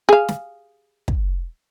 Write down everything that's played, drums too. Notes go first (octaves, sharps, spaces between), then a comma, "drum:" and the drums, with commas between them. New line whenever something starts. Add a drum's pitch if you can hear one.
G#4 F5
drum: snare
drum: kick